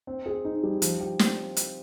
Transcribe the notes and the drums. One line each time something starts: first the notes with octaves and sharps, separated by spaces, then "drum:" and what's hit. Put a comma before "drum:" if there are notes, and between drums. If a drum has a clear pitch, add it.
C4
G#4
D#4
G3
F3, drum: hi-hat
G4
C4, drum: snare
drum: hi-hat